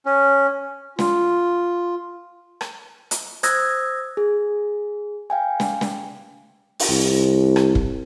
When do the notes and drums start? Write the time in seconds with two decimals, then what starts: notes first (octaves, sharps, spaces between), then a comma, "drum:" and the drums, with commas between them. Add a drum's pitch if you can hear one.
0.06 C#4
0.99 F4, drum: snare
2.61 drum: rim click
3.11 drum: hi-hat
3.43 C5 D#6 E6 F#6 G#6 A#6, drum: hi-hat
4.17 G#4
5.30 F5 G5 G#5
5.60 drum: snare
5.81 drum: snare
6.79 drum: open hi-hat
6.89 C2
7.56 drum: rim click
7.75 drum: kick